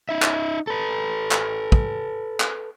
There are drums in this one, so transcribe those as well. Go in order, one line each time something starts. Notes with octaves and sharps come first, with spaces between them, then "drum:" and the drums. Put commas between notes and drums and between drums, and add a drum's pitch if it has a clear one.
D#4 E5
drum: clap
A4 B4
drum: clap
drum: kick
drum: clap